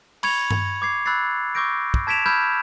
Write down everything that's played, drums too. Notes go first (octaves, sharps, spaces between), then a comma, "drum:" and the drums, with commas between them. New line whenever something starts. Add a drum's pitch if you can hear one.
B5 C#6 G#6 C#7 F7, drum: cymbal
drum: tom G2
D6 G#6 C7
B5 E6 F#6 G#6 A6 C7
C#6 D6 E6 G6 A#6 D7
drum: kick
A5 G#6 B6 D7 E7 F7
B5 E6 F6 G6 G#6